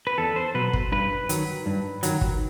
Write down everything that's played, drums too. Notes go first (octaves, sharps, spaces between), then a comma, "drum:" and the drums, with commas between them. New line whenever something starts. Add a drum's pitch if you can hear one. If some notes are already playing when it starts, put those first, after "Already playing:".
B4
E2 A4
C5
B2 F#3 B4
drum: kick
G2 B4
D#3 F#3, drum: hi-hat
G2
D#3 F#3, drum: hi-hat
drum: kick